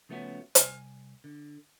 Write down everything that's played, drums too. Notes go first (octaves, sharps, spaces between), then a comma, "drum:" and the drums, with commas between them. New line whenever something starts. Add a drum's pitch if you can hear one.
C#3 F3 A3 B3 C#4 F#4
C2 G#5, drum: hi-hat
D3